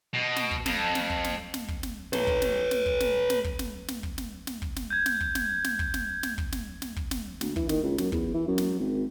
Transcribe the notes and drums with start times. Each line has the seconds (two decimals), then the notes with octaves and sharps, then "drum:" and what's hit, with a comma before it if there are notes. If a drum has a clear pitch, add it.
0.14 B2
0.36 drum: snare
0.51 drum: kick
0.66 F2, drum: snare
0.95 drum: snare
1.10 drum: kick
1.24 drum: snare
1.54 drum: snare
1.68 drum: kick
1.83 drum: snare
2.13 B4 C#5, drum: snare
2.27 drum: kick
2.42 drum: snare
2.71 drum: snare
2.86 drum: kick
3.00 drum: snare
3.30 drum: snare
3.44 drum: kick
3.59 drum: snare
3.88 drum: snare
4.03 drum: kick
4.18 drum: snare
4.47 drum: snare
4.62 drum: kick
4.76 drum: snare
4.90 G6 G#6
5.06 drum: snare
5.20 drum: kick
5.35 drum: snare
5.64 drum: snare
5.79 drum: kick
5.94 drum: snare
6.23 drum: snare
6.38 drum: kick
6.52 drum: snare
6.82 drum: snare
6.96 drum: kick
7.11 drum: snare
7.41 D2, drum: snare
7.56 E3, drum: kick
7.69 D#3, drum: snare
7.83 C#2
7.98 F#2, drum: snare
8.12 E2, drum: kick
8.34 E3
8.48 F#2
8.58 drum: snare
8.80 G#1